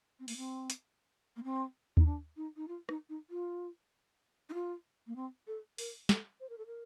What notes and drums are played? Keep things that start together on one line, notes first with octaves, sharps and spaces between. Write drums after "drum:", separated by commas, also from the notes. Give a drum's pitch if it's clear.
C4
A#3, drum: open hi-hat
C4
drum: hi-hat
A#3
C4
D#4, drum: kick D#2
D4
D#4
D#4
F4
D#4, drum: rim click
D#4
F4
D#4
F4
A#3
C4
A4
A#4, drum: open hi-hat
A4, drum: snare
C5
A#4
A4
A#4